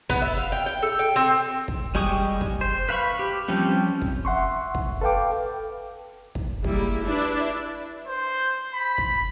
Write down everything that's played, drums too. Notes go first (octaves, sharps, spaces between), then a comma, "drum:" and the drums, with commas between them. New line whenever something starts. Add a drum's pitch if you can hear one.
B3, drum: kick
E5
F5
G5
G5
A4
G5
C4
drum: kick
G3 G#3 G4 C#6 D#6, drum: kick
drum: kick
C5
B4 F5 B5 C#6
G4
F3 G3 C4 C#4
drum: kick
E5 F#5 C6 C#6
drum: kick
A4 B4 F5 G5 D6
drum: kick
G3 G#3 A#3 E4, drum: kick
D4 E4 B4 D5 E5
C5
B5
drum: kick